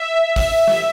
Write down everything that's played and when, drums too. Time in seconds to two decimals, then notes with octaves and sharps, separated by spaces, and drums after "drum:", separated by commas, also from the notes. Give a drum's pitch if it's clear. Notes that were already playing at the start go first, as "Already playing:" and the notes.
Already playing: E5
0.36 drum: kick, open hi-hat
0.67 drum: snare